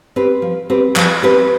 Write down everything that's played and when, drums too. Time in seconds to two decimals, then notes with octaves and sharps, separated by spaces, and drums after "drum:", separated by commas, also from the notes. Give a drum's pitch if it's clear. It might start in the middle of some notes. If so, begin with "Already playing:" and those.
0.16 C4 G4 B4
0.42 F3
0.70 C4 G4 B4
0.96 F3, drum: clap
1.22 C4 G4 B4